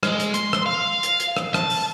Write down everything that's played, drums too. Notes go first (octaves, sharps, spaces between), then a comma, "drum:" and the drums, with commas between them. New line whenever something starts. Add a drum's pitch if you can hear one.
G#3, drum: rim click
drum: hi-hat
C6, drum: hi-hat
drum: rim click
F5
drum: hi-hat
drum: hi-hat
drum: rim click
A5, drum: rim click
drum: open hi-hat